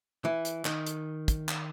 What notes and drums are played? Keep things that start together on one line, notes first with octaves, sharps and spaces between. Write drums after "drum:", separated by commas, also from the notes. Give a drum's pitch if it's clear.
E3
drum: hi-hat
D#3, drum: clap
drum: hi-hat
drum: kick, hi-hat
drum: clap